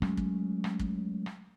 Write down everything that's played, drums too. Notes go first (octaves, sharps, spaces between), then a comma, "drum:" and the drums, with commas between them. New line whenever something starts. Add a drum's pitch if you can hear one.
F#3 G#3 A3 C#4, drum: rim click
drum: kick
drum: rim click
drum: kick
drum: rim click